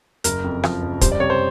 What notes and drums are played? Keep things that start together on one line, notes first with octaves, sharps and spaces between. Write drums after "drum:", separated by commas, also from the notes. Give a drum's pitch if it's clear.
F#1 A#4, drum: hi-hat
F2
F3, drum: rim click
F#1
G3 C5, drum: kick, hi-hat
D5
C3 C#5
C5